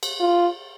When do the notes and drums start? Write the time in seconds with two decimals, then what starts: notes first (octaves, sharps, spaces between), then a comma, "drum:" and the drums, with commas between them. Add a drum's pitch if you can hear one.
0.03 drum: cymbal
0.20 F4